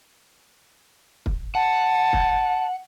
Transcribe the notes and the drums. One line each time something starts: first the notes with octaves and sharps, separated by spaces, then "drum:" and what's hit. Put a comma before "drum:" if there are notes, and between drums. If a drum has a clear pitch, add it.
drum: kick
F#5 A5
drum: kick